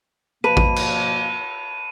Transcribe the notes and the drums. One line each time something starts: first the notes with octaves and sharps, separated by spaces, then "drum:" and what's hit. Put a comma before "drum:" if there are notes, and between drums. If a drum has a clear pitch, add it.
B2 F3 A#3 B4 A5 B5 D#7
drum: kick A1
drum: cymbal